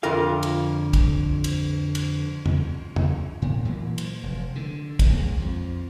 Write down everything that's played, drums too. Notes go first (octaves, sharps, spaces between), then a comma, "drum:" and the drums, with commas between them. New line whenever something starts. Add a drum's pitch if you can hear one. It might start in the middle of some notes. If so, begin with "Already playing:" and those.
F2 D3 F4 A#4 F5
drum: cymbal
drum: kick, cymbal
drum: cymbal
drum: cymbal
drum: tom
drum: tom
A2
A#2 E3 F#3 A#3
drum: cymbal
F1
D3
drum: kick, cymbal
D#2 G#3
F2 F3